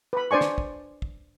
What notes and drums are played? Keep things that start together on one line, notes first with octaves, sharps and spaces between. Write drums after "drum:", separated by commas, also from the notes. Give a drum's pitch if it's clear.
B4 B5
D4 C5 D5 G#5 C#6
drum: snare
drum: kick
drum: kick